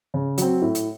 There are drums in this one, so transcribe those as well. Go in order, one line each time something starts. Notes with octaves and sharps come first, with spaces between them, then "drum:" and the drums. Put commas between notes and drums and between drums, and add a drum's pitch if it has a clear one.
C#3
F#3 C4, drum: hi-hat
A2
drum: hi-hat